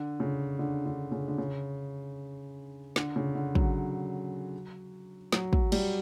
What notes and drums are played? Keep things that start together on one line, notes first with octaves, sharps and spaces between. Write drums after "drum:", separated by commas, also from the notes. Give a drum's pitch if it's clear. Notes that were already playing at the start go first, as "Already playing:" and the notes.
Already playing: D3
C#3
D3
D3
C#3
D3
C#3
D3, drum: snare
C#3
D3
F#3, drum: kick
F#3, drum: snare
F#3, drum: kick
G3, drum: cymbal